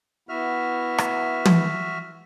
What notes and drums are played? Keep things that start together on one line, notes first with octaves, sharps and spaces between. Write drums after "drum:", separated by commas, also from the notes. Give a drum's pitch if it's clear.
B3 E4 F#4 E5 F6
drum: rim click
drum: tom